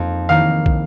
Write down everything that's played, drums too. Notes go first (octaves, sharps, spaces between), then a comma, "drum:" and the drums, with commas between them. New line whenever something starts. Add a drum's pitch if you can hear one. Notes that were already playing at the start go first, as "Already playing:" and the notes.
Already playing: F2 A#3 D#4
D#3 A#3 D#4 F5
drum: kick